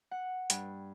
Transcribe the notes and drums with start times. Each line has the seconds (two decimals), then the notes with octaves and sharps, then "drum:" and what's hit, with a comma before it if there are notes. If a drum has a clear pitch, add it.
0.11 F#5
0.50 G2, drum: hi-hat